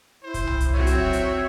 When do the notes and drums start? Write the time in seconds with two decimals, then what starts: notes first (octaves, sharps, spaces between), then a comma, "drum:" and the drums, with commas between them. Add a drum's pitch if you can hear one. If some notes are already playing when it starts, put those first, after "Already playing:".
0.23 E4 C5
0.34 drum: kick, hi-hat
0.47 drum: tom C2
0.60 drum: kick, hi-hat
0.74 F#3 C4 F#4 C#5 E5
0.87 drum: hi-hat
1.00 drum: kick
1.13 drum: hi-hat